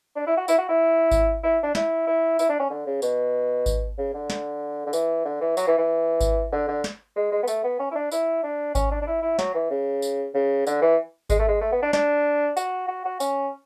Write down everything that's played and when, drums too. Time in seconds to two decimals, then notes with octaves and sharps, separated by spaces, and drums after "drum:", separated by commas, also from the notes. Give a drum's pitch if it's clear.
0.16 D4
0.27 E4
0.37 F#4
0.48 E4, drum: tambourine
0.59 F#4
0.69 E4
1.11 drum: kick G#1, tambourine
1.44 E4
1.63 D4
1.75 E4, drum: snare
2.07 E4
2.39 E4, drum: tambourine
2.49 D4
2.60 C#4
2.70 D3
2.87 C#3
3.02 B2, drum: tambourine
3.66 drum: kick G#1, tambourine
3.98 C#3
4.14 D3
4.30 drum: snare
4.86 D3
4.93 E3, drum: tambourine
5.25 D3
5.41 E3
5.57 F#3, drum: tambourine
5.67 E3
5.78 E3
6.21 drum: kick G#1, tambourine
6.52 D3
6.68 D3
6.84 drum: snare
7.16 G#3
7.32 G#3
7.43 B3
7.48 A3, drum: tambourine
7.64 B3
7.80 C#4
7.91 E4
7.95 D4
8.12 E4, drum: tambourine
8.43 D4
8.75 C#4, drum: kick G#1, tambourine
8.91 D4
9.02 D4
9.07 E4
9.22 E4
9.39 F#3, drum: snare
9.54 E3
9.70 C#3
10.02 drum: tambourine
10.34 C#3
10.67 D3, drum: tambourine
10.82 E3
11.30 G#3, drum: kick G#1, tambourine
11.39 A3
11.48 G#3
11.61 A3
11.72 B3
11.82 D4
11.93 D4, drum: snare
12.57 F#4, drum: tambourine
12.88 F#4
13.05 F#4
13.20 C#4, drum: tambourine